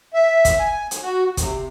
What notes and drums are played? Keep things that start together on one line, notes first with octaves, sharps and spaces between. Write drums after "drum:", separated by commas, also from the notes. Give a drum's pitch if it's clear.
E5
drum: kick, hi-hat
G#5
drum: hi-hat
F#4
C3, drum: kick, hi-hat